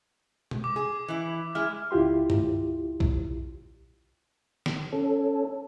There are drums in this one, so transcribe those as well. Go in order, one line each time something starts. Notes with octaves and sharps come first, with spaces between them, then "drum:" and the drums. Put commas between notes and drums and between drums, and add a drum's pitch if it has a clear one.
drum: tom B2
D6
G#4
E3 E4
G#3 E4 F6
C#2 E4 F4 G4 C6
drum: tom G2
drum: kick A#1
drum: snare
C#4 A4